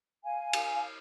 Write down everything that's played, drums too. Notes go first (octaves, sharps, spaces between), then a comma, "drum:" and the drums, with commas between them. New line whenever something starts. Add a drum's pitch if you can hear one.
F5 G#5
drum: cymbal